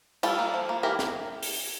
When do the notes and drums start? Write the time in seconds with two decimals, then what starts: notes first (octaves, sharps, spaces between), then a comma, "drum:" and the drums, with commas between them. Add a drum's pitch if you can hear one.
0.23 G3 F4 A4, drum: cymbal
0.39 A#3
0.54 F3
0.69 A#3
0.83 E3 G4 A#4
0.99 drum: snare
1.43 drum: open hi-hat